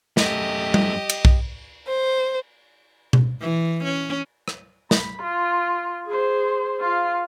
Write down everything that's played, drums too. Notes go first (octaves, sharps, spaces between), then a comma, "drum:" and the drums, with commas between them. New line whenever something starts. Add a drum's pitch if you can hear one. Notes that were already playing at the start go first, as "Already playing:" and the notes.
F#2 A3 G4 D#5, drum: snare
drum: tom G3
drum: cymbal
drum: kick B1
C5
drum: tom B2
E3
C#4
drum: rim click
B5, drum: snare
F4
G#4 C5
F4 F5